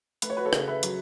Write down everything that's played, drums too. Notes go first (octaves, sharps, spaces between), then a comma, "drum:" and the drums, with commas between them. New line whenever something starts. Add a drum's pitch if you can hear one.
A3 B4, drum: hi-hat
C#5
F#4 B4
A4 C#5
C#3, drum: rim click
B4 E5
F#3, drum: hi-hat